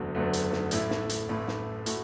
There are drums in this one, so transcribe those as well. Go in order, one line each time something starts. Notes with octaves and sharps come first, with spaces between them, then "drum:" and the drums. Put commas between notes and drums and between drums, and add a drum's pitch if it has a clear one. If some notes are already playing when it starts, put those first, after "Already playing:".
Already playing: F#1 E2 D3 F#3 A3
F#1 E2 D3 F#3 A3
drum: hi-hat
drum: snare
A1 A2 A3 E4, drum: hi-hat
drum: snare
drum: hi-hat
A1 A2 A3 E4
drum: snare
A2 A3 F#4, drum: hi-hat